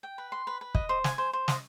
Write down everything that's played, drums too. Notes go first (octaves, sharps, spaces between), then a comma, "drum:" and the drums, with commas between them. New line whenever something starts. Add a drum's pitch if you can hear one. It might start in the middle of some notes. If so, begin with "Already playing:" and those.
G5
B4
C6
B4
B4
D#5, drum: kick
C5
G#5, drum: snare
C5
C5
D#5, drum: snare